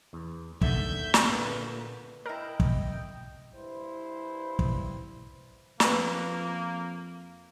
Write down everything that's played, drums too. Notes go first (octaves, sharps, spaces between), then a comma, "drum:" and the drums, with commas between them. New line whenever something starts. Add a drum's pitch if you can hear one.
E2
D#2 D3 E5 G6, drum: kick
drum: snare
A#2 D3 B4
G#3 E4 A#4 D#5 G5
drum: kick
G2 E4 C5
drum: kick
F2 A#3 C4 B4, drum: snare